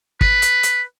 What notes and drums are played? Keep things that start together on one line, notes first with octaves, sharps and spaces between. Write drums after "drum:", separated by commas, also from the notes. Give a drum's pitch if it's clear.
B4, drum: kick
drum: hi-hat
drum: hi-hat